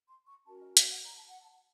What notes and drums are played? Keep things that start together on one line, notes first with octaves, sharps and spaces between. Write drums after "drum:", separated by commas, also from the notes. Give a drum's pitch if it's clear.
C6
C#6
C#4 F#4 A#4 A5
D#5
F5, drum: hi-hat
F#5
A#5
A5
F#5
A5